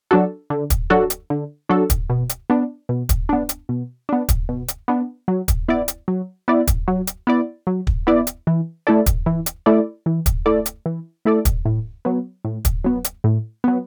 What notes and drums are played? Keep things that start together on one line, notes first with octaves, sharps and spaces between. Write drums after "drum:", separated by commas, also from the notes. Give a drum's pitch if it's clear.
F#3 D4 F#4 A4
D3
drum: kick, hi-hat
F#3 D4 F#4 A4
drum: hi-hat
D3
F#3 D4 F#4 A4
drum: kick, hi-hat
B2
drum: hi-hat
B3 D4
B2
drum: kick, hi-hat
B3 D4
drum: hi-hat
B2
B3 D4
drum: kick, hi-hat
B2
drum: hi-hat
B3 D4
F#3
drum: kick, hi-hat
B3 E4 D5
drum: hi-hat
F#3
B3 E4 D5
drum: kick, hi-hat
F#3
drum: hi-hat
B3 E4 D5
F#3
drum: kick
B3 E4 D5
drum: hi-hat
E3
A3 E4 A4 D5
drum: kick, hi-hat
E3
drum: hi-hat
A3 E4 A4 D5
E3
drum: kick, hi-hat
A3 E4 A4 D5
drum: hi-hat
E3
A3 E4 A4 D5
drum: kick, hi-hat
A2
F#3 B3
A2
drum: kick, hi-hat
F#3 B3
drum: hi-hat
A2
F#3 B3